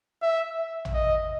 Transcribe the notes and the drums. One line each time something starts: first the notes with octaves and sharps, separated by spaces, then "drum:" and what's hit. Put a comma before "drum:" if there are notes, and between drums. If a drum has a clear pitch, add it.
E5
drum: tom
D#5